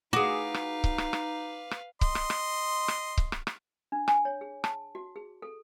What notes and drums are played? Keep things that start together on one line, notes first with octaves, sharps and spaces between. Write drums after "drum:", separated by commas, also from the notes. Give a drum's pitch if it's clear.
D#4 F#4 G#4 B4 F5 D6
drum: rim click
drum: kick C#1
drum: rim click
drum: rim click
drum: rim click
D#5 C6, drum: kick C#1
drum: rim click
drum: rim click
drum: rim click
drum: kick C#1
drum: rim click
drum: rim click
D4
G#5, drum: rim click
C#5
G#4
A5, drum: rim click
F#4
G#4
A4